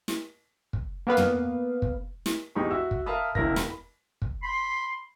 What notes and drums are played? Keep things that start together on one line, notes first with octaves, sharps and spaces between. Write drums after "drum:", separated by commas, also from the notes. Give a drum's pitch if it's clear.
drum: snare
drum: kick
A#3 B3 B4 F5
drum: tom
drum: kick
drum: snare
E2 G#3 D#4 G4 B5 C#6
F#4 E5 E6
drum: kick
A#4 E5 F5 A5 B5 D#6
E1 C#2 E4 A#4 A#6, drum: kick
B5, drum: snare
drum: kick
B5 C6